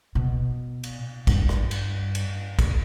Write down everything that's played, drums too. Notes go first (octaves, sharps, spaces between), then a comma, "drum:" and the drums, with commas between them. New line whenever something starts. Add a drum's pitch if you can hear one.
B2
drum: cymbal
G2, drum: kick, cymbal
drum: rim click
drum: cymbal
drum: cymbal
drum: kick, cymbal